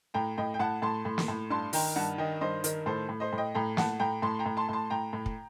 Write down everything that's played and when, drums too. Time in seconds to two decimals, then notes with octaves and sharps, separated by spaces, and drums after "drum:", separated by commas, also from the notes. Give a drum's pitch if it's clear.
0.14 A2 G5 A#5
0.38 A2 D#5 G5
0.54 G5
0.59 A2 F#5 A5
0.82 A2 A5 C6
1.05 A2
1.18 drum: snare
1.28 A2
1.50 G2 A5 C6
1.73 D#3 G5 A#5, drum: open hi-hat
1.96 G2 F#5 A5
2.18 D#3 D#5 G5
2.41 G2 C5 D#5
2.64 D#3 A#4, drum: hi-hat
2.86 A2 A4 C5
3.09 A2
3.20 C5 D#5
3.33 A2
3.38 D#5 G5
3.55 A2 G5 A#5
3.77 A2 F#5 A5, drum: snare
4.00 A2 G5 A#5
4.22 A2 A5 C6
4.39 G5 A#5
4.46 A2
4.57 A5 C6
4.69 A2 A5 C6
4.90 A2 G5 A#5
5.13 A2
5.26 drum: kick